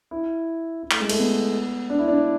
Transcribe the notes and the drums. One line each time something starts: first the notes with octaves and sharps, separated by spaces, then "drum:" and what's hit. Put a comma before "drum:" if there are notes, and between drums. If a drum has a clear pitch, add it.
E4
E4
A3, drum: clap
G#3
A3, drum: cymbal
B3
D4
E4
D4